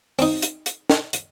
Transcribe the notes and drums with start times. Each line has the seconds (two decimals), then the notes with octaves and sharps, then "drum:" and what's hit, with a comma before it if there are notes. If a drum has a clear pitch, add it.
0.19 C4 D#4, drum: open hi-hat
0.42 drum: hi-hat
0.66 drum: hi-hat
0.90 drum: snare
1.13 drum: hi-hat